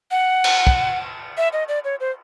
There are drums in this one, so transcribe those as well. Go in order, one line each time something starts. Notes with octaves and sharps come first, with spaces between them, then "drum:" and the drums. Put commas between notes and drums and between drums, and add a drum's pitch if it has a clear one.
F#5
drum: cymbal
drum: kick
E5
D#5
D5
C#5
C5